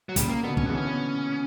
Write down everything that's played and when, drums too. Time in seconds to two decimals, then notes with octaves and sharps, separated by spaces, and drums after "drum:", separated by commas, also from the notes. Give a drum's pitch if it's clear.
0.09 F#3
0.16 A#2 C#3 G3, drum: kick, hi-hat
0.30 A#3
0.43 B2 D3 B3
0.57 C#4, drum: kick
0.66 C#3 E3 B3
0.75 C#4
0.87 B3